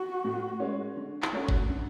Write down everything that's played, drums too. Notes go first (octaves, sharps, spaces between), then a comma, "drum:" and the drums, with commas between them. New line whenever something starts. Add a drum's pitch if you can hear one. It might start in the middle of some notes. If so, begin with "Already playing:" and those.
Already playing: F#4
A2
G#3 C#4
D3
drum: clap
A3 C#4 F#4
drum: kick
D3